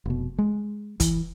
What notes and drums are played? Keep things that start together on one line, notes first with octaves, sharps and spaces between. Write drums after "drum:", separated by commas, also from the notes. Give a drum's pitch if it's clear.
F1 B2
G#3
E3, drum: kick, hi-hat